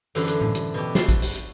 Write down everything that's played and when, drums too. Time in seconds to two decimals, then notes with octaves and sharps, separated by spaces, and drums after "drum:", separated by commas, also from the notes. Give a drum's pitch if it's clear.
0.15 F#2 D3 E3 D4 B4 C5, drum: open hi-hat
0.28 drum: hi-hat
0.41 drum: tom A2
0.55 drum: hi-hat
0.74 B2 E3 G4
0.95 F#4 A5 C6, drum: snare
1.09 drum: kick, hi-hat
1.22 drum: open hi-hat
1.35 drum: hi-hat